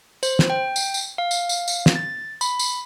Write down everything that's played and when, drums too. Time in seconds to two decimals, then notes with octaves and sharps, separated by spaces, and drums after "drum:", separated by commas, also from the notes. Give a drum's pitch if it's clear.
0.23 C5, drum: tambourine
0.39 drum: snare
0.50 G5
0.76 drum: tambourine
0.94 drum: tambourine
1.18 F5
1.31 drum: tambourine
1.49 drum: tambourine
1.68 drum: tambourine
1.86 drum: snare
1.96 A6
2.41 B5, drum: tambourine
2.59 drum: tambourine